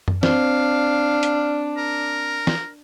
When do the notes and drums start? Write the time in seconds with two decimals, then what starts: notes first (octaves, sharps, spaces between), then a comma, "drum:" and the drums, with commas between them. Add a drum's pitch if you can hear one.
0.08 drum: tom F#2
0.23 C4 D4 F5, drum: snare
1.23 drum: hi-hat
1.77 A#4
2.47 drum: snare